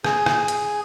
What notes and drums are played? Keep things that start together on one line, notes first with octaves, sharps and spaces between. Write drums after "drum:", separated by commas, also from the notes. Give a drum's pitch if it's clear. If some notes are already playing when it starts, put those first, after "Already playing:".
G#4, drum: rim click
drum: rim click
drum: hi-hat